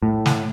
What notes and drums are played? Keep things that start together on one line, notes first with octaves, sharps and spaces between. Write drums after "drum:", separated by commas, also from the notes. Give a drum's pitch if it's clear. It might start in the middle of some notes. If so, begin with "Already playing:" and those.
A2
drum: snare